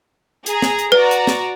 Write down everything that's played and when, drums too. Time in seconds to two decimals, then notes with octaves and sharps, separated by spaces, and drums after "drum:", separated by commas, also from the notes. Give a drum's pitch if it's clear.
0.46 G#4 A#5, drum: hi-hat
0.62 drum: snare
0.79 drum: hi-hat
0.92 F#4 B4 D5 A#5
1.11 drum: hi-hat
1.27 drum: snare